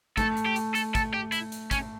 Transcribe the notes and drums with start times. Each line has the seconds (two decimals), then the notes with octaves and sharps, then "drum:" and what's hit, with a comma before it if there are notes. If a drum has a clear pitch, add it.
0.17 A3 A4, drum: kick, hi-hat
0.37 drum: hi-hat
0.46 G4
0.56 drum: hi-hat
0.75 A4, drum: hi-hat
0.95 A4, drum: kick, hi-hat
1.14 G4
1.32 E4, drum: hi-hat
1.52 drum: hi-hat
1.71 C#4, drum: kick, hi-hat